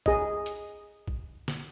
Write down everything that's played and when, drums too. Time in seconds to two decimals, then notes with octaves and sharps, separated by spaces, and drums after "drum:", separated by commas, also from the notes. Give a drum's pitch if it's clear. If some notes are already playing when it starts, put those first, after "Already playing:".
0.06 G#4 D#5, drum: kick
0.46 drum: hi-hat
1.08 drum: kick
1.48 drum: snare